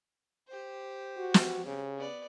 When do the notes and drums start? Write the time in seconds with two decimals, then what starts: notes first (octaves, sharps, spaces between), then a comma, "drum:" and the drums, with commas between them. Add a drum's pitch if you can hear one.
0.48 G4 C5
1.17 F#4
1.34 drum: snare
1.66 C#3
1.98 B3 D5